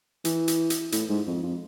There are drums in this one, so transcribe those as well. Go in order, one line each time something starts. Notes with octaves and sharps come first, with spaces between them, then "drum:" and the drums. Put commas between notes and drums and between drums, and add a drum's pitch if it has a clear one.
E3, drum: hi-hat
drum: hi-hat
drum: hi-hat
A2, drum: hi-hat
G#2
F2
F2